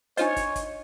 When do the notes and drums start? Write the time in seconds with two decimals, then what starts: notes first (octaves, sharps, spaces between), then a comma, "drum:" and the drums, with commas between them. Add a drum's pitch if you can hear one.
0.17 D4 D#4 F4 C5 C#5 D#5, drum: hi-hat
0.36 drum: kick, hi-hat
0.56 drum: kick, hi-hat